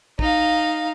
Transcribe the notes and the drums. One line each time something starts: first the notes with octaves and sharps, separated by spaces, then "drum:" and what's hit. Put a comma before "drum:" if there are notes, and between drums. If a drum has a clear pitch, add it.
D#4 F5, drum: kick